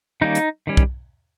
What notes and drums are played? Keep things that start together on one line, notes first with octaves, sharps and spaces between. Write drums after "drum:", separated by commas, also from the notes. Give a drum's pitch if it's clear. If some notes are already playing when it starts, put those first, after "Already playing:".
D#3 G3 A#3 C#4 D#4
drum: hi-hat
D#3 G3 C#4
drum: kick